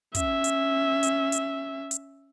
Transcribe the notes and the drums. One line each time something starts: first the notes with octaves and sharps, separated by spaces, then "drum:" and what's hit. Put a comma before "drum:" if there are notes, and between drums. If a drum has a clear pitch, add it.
C#4 E5, drum: kick, hi-hat
drum: hi-hat
drum: hi-hat
drum: hi-hat
drum: hi-hat